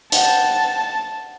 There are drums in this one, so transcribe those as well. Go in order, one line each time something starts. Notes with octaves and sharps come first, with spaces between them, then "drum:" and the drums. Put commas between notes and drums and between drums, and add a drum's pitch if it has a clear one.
G4 F#5 A5, drum: hi-hat